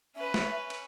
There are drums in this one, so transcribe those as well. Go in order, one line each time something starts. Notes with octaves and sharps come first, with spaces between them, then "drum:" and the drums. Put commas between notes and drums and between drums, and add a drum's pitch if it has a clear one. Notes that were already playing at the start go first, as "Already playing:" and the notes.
C#4 B4 E5
drum: snare
drum: cymbal